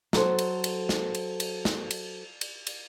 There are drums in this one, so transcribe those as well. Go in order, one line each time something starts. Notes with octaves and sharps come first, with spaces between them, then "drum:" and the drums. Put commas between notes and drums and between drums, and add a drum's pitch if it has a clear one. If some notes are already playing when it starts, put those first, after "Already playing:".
F#3 A4 C5, drum: snare
drum: cymbal
drum: cymbal
drum: snare
drum: cymbal
drum: cymbal
drum: snare
drum: cymbal
drum: cymbal
drum: cymbal